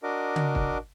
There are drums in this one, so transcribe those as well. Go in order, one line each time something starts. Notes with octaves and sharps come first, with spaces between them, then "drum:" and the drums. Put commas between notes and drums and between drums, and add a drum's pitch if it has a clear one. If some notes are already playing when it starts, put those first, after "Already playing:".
D4 F#4 A#4 D#5 D6
drum: tom C#3
drum: kick